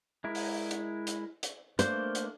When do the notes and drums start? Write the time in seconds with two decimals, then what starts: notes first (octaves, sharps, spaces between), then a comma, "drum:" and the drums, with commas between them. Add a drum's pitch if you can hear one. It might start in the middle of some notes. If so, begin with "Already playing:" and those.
0.24 G#3 E4 A#4
0.35 drum: open hi-hat
0.71 drum: hi-hat
1.07 drum: hi-hat
1.43 drum: hi-hat
1.79 A3 A#3 D4 C5, drum: hi-hat
2.15 drum: hi-hat